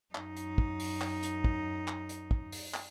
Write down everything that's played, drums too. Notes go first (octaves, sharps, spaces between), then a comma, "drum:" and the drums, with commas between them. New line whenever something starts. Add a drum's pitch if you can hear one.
F#2 D#4, drum: clap
drum: hi-hat
drum: kick
drum: open hi-hat
drum: clap
drum: hi-hat
drum: kick
drum: clap
drum: hi-hat
drum: kick
drum: open hi-hat
drum: clap